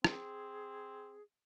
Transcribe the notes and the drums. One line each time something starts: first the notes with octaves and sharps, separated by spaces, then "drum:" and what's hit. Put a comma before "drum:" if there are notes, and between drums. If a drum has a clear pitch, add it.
C4 G#4, drum: rim click